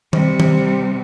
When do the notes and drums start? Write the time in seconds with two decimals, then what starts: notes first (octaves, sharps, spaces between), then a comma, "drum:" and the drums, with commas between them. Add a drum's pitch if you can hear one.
0.13 C3 G3, drum: tom D#3
0.40 drum: tom D#3